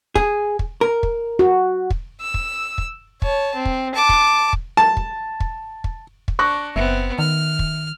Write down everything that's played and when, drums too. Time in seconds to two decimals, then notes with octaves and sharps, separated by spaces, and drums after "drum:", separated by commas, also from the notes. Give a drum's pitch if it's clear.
0.15 G#4, drum: kick
0.59 drum: kick
0.81 A#4
1.03 drum: kick
1.39 F#4
1.90 drum: kick
2.21 E6
2.34 drum: kick
2.78 drum: kick
3.22 C#5 A5, drum: kick
3.55 C4
3.65 drum: kick
3.94 A5 D6
4.09 drum: kick
4.53 drum: kick
4.77 A5
4.97 drum: kick
5.40 drum: kick
5.84 drum: kick
6.28 drum: kick
6.39 D4 C#6 F#6 A#6
6.76 F#1 B3 C4 E5
7.19 D#3 F6
7.59 drum: kick